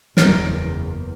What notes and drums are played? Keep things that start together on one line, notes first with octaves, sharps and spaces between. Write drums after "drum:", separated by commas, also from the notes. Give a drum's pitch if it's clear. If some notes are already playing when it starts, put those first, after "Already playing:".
F#1 E2 A#4 G6, drum: snare